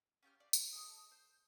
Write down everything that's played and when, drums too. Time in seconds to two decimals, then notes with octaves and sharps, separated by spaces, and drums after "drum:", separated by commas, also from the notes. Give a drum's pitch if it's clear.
0.23 C#4 F4 G4 F6
0.40 D5 F5
0.53 B4, drum: tambourine
0.72 G#4 A4 D#5
1.12 C5